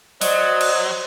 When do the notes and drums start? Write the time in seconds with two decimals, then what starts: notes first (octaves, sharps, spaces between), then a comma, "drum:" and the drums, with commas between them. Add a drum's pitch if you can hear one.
0.21 F#3 C5 D5 D#5, drum: open hi-hat
0.61 drum: cymbal